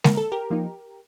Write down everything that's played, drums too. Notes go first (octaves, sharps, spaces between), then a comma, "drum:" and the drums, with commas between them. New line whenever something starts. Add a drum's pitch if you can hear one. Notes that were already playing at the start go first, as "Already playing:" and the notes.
D3 A#4, drum: snare
A4
G4 A#4
F3 A#3 D#4